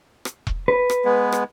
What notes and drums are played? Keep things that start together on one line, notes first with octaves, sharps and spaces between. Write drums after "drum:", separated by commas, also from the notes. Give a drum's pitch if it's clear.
drum: rim click
drum: kick E1
B4
drum: rim click
G#3 B3
drum: rim click